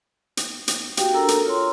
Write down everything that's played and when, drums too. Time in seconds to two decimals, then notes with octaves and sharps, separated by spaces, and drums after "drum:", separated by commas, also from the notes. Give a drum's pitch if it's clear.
0.37 drum: hi-hat
0.68 drum: hi-hat
0.97 F#4 G4 F5 G5, drum: hi-hat
1.13 D4 A4 A#4 A#5 E6
1.28 drum: hi-hat
1.45 F4 C#5 C6